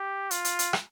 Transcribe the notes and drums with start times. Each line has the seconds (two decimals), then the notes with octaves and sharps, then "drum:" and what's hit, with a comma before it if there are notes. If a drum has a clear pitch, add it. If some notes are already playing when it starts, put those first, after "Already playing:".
Already playing: G4
0.31 F4, drum: hi-hat
0.45 drum: hi-hat
0.59 drum: hi-hat
0.73 drum: rim click